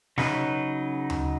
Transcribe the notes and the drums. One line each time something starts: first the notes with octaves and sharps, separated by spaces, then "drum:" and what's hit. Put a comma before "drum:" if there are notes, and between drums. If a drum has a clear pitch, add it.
C#3 F#3 D#4 B4, drum: snare
drum: tom D2